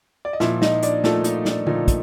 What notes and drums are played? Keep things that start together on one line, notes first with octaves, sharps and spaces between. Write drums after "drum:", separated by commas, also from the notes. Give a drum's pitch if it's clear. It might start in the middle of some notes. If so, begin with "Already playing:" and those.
D5
D#5
A#2 F3 E4 E5, drum: snare
D#4 D#5, drum: snare
D4 D5, drum: hi-hat
A#2 F3 A3 A4, drum: snare
D#4, drum: hi-hat
D4, drum: snare
A#2 F3 D#4, drum: tom D3
drum: kick, hi-hat